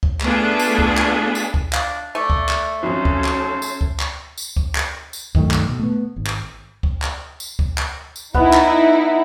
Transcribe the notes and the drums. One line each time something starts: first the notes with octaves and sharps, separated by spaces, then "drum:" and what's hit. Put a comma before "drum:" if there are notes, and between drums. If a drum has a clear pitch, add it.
drum: kick C#2
A3 B3 D4 F4 G#4 A4, drum: clap
drum: tambourine
drum: kick C#2
drum: clap
drum: tambourine
drum: kick C#2
D4 F5, drum: clap
A3 D5
drum: kick C#2
drum: clap
B1 F2 C#4 A4 C5
drum: kick C#2
drum: clap
drum: tambourine
drum: kick C#2
drum: clap
drum: tambourine
drum: kick C#2
drum: clap
drum: tambourine
G2 D#3 F#3 A3, drum: kick C#2
drum: clap
B2
A3 B3
G#1
drum: clap
drum: kick C#2
drum: clap
drum: tambourine
drum: kick C#2
drum: clap
drum: tambourine
B3 D#4 E4 F#5, drum: kick C#2
drum: clap